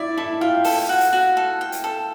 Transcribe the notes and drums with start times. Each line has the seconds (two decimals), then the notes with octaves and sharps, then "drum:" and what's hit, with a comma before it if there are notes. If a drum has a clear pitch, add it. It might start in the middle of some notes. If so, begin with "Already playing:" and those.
Already playing: E4 D5
0.17 E4 A4
0.41 F4 G5
0.65 A4, drum: open hi-hat
0.89 F#4
1.01 drum: hi-hat
1.13 F#4
1.37 A4
1.61 G5
1.72 drum: hi-hat
1.84 A4